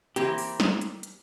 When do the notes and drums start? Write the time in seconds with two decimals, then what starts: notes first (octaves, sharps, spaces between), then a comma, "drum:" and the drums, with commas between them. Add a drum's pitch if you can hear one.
0.16 E3 A#3 C4 G4, drum: hi-hat
0.38 drum: open hi-hat
0.60 drum: snare
0.81 drum: hi-hat
1.03 drum: hi-hat